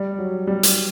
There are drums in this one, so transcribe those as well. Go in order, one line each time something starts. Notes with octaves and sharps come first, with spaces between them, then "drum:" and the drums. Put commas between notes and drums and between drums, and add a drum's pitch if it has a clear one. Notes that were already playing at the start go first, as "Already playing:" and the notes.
Already playing: G3
F#3
G3
drum: hi-hat